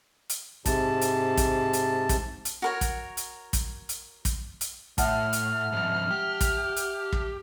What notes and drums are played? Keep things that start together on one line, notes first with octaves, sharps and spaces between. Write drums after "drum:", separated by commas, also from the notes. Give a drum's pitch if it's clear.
drum: hi-hat
G#2 C3 A5, drum: kick, hi-hat
drum: hi-hat
drum: kick, hi-hat
drum: hi-hat
drum: kick, hi-hat
drum: hi-hat
F#4 A#4 C#5
drum: kick, hi-hat
drum: hi-hat
drum: kick, hi-hat
drum: hi-hat
drum: kick, hi-hat
drum: hi-hat
A2 E5 F#5 A5 F6, drum: kick, hi-hat
drum: hi-hat
F2 G#2
G4
drum: kick, hi-hat
drum: hi-hat
drum: kick